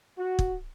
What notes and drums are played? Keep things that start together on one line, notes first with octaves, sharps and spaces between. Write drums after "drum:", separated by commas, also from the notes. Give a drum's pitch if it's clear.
F#4
drum: kick